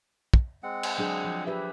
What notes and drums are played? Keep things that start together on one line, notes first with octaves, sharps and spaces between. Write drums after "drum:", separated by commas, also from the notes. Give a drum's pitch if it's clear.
drum: kick
G#3 C4 F#5
drum: cymbal
F#3 D4 G#4
F3
G4 B4 E5